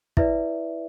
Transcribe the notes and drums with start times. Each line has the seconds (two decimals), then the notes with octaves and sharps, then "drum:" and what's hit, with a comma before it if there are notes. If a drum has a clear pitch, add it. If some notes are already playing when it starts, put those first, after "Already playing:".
0.17 E4 B4 D5 E5, drum: kick